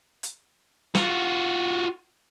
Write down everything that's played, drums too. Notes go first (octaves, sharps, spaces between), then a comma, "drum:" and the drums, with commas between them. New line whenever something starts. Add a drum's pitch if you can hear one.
drum: hi-hat
F4 F#4, drum: snare